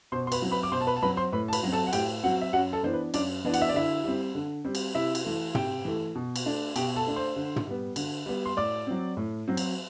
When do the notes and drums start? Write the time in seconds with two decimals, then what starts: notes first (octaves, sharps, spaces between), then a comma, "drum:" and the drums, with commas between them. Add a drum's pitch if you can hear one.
0.12 B2 C5 C6
0.27 C6
0.32 B4 B5, drum: cymbal
0.42 F#3 C4
0.52 B4 B5
0.63 D6
0.72 B2 C5 C6
0.81 A5
0.87 B4 B5
0.96 A5
1.02 F#3 C4 B4 B5
1.17 C5 C6
1.32 A2 B4 B5
1.48 A5
1.53 B4 B5, drum: cymbal
1.63 F#3 C4
1.72 A4 A5
1.87 F#5
1.93 A2 G4 G5, drum: cymbal
2.23 F#3 C4 F#4 F#5
2.41 E5
2.53 F#2 F#4 F#5
2.73 A4
2.83 E3 B3 D4 C5
2.93 B4
3.14 F#2 D4 D5, drum: cymbal
3.45 E3 B3 D4
3.54 F#5, drum: cymbal
3.61 E5
3.69 D5
3.74 D3 E4 E5
4.04 G3 C4
4.35 D3
4.64 G3 C4
4.75 drum: cymbal
4.95 C3 E4 E5
5.15 drum: cymbal
5.24 E3 A3
5.55 C3 G4 G5, drum: tom
5.85 E3 A3
6.15 B2
6.36 drum: cymbal
6.45 A3 D4
6.76 B2 G4 G5, drum: cymbal
6.96 A4 A5
7.07 A3 D4
7.16 C5 C6
7.36 D3
7.56 drum: tom
7.66 G3 B3
7.96 D3, drum: cymbal
8.26 G3 B3
8.45 C6
8.57 A2 D5 D6
8.87 F#3 C4
9.17 A2
9.48 F#3 C4
9.57 drum: cymbal